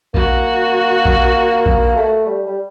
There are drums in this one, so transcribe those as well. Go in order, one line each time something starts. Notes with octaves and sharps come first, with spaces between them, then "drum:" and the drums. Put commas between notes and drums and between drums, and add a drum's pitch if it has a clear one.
A#3 F#4, drum: kick A#1
drum: kick A#1
drum: kick A#1
A3
G3
G3